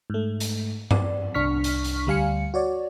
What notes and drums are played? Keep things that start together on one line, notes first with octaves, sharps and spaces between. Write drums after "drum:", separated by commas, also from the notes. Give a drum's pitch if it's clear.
G#2 A3
drum: hi-hat
D5, drum: tom G2
C2 D4 C#6 F6 B6
drum: hi-hat
drum: hi-hat
D2 G3 F5 G#5 C#7
F#4 C#5 D5